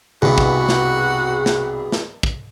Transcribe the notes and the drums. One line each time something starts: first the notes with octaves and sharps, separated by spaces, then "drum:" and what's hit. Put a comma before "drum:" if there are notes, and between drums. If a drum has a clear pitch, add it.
C2 G2 B2 F#4 G#4
drum: kick
drum: snare
drum: snare
drum: snare
drum: kick